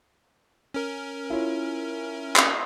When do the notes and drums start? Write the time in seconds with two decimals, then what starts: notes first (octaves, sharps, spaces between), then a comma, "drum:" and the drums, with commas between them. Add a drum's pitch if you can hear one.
0.74 C#4 A#4
1.30 E4 F4 C#5
2.36 drum: clap